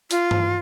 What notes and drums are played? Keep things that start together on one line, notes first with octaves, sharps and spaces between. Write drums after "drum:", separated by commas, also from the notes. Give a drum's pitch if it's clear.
F4, drum: hi-hat
drum: tom G2